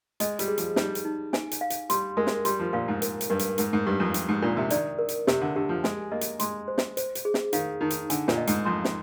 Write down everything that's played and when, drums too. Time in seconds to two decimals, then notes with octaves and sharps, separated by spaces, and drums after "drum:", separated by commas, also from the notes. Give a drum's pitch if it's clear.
0.20 G#3 D#5, drum: hi-hat
0.39 G3, drum: hi-hat
0.48 G#4
0.58 F3, drum: hi-hat
0.76 G3 D#4, drum: snare
0.95 drum: hi-hat
1.05 D#4
1.33 G#5, drum: snare
1.51 drum: hi-hat
1.61 F5
1.70 drum: hi-hat
1.90 G3 C6, drum: hi-hat
2.17 G#3 A#4
2.27 drum: snare
2.45 G3 C6, drum: hi-hat
2.59 F3
2.73 A#2 F5
2.88 G#2
3.02 A#4, drum: hi-hat
3.21 drum: hi-hat
3.30 G2 A#4
3.39 drum: hi-hat
3.58 G#2 A#4, drum: hi-hat
3.73 G#2
3.86 G2 G4
4.00 F2
4.14 D4, drum: hi-hat
4.29 G#2
4.42 A#2 D4
4.57 C3
4.70 D#3 D5, drum: hi-hat
4.99 A#4
5.09 drum: hi-hat
5.27 C3 G4, drum: snare
5.41 D3
5.56 D3 G4
5.69 F3
5.84 G#3 G#5, drum: snare
6.11 A#3 D#5
6.21 drum: hi-hat
6.39 G#3 C6, drum: hi-hat
6.68 C5
6.78 drum: snare
6.97 C5, drum: hi-hat
7.15 drum: hi-hat
7.25 G#4
7.34 drum: snare
7.53 D#3 F5, drum: hi-hat
7.81 D#3 D#4
7.90 drum: hi-hat
8.10 D3 G#5, drum: hi-hat
8.28 A#2, drum: snare
8.37 D#5
8.47 G#2, drum: hi-hat
8.65 F2 C6
8.84 drum: snare